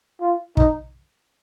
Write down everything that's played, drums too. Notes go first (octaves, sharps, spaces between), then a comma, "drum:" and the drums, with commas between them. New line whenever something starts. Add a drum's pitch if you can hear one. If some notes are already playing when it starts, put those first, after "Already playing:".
F4
D#4, drum: kick